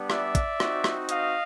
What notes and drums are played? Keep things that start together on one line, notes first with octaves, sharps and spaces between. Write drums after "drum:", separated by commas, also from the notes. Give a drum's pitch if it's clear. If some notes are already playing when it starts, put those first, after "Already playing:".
Already playing: G3 B3 D4
D5 E5, drum: rim click
drum: kick, hi-hat
C4 D#4 F#4, drum: rim click
drum: rim click
D#5 F5, drum: hi-hat